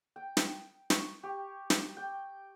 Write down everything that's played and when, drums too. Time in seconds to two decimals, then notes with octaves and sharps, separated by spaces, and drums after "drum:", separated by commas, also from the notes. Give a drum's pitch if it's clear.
0.16 G5
0.37 drum: snare
0.90 C#6, drum: snare
1.23 G4
1.70 drum: snare
1.97 G5